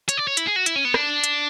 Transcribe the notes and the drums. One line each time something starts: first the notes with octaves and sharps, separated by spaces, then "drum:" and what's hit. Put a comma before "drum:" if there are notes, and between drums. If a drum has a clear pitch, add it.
C#5, drum: hi-hat
D5
C#5
E4, drum: hi-hat
G#4
F#4
E4, drum: hi-hat
C#4
B3
D4, drum: rim click
drum: hi-hat